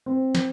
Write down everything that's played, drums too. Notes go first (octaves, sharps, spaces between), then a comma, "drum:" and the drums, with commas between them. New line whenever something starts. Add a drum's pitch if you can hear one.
C4
drum: snare